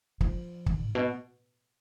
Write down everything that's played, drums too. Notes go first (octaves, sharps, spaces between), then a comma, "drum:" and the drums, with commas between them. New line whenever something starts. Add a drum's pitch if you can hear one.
F3, drum: kick
drum: kick
G#2
B2